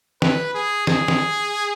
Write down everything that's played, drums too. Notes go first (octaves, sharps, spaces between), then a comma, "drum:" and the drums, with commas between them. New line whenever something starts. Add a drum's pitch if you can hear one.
B4, drum: snare
G#4
G#4, drum: snare
drum: snare